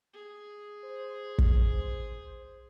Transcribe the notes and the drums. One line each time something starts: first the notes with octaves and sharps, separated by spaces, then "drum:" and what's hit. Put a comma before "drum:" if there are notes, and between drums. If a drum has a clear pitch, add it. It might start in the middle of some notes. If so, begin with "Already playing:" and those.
G#4
C5
drum: kick